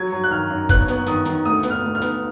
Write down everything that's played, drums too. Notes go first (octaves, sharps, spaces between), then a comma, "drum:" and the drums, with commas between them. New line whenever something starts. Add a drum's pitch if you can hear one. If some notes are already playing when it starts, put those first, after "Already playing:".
Already playing: F#3 G#6
F#3
F#6
D#3 F6
F#2
B3 F#6, drum: kick, hi-hat
B3, drum: hi-hat
D#3 D#6, drum: hi-hat
D#3, drum: hi-hat
D2 D#6
B3, drum: hi-hat
F6
D2
F6
B3, drum: hi-hat